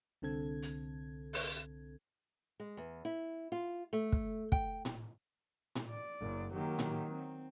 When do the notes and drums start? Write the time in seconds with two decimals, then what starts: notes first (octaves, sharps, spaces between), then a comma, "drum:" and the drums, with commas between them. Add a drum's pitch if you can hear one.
0.22 C2 D3 C4 A4 G#6
0.63 drum: hi-hat
1.33 drum: open hi-hat
2.60 G#3
2.77 E2
3.05 E4
3.52 F4
3.93 A3
4.12 drum: kick
4.52 G5, drum: kick
4.85 drum: tom A2
5.75 drum: tom A2
5.90 D5
6.21 F#1 F#2
6.53 D#3 F#3 A#3 G4
6.79 drum: tom A2
7.07 C4